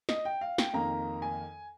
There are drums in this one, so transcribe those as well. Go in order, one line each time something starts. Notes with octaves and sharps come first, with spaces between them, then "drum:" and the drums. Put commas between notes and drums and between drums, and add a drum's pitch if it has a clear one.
D#5, drum: snare
G5
F5
G5, drum: snare
F2 D#3 A#3 A#5
G#5